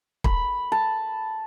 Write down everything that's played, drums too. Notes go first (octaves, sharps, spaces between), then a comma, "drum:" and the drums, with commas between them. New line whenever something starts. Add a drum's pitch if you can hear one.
B5, drum: kick
A5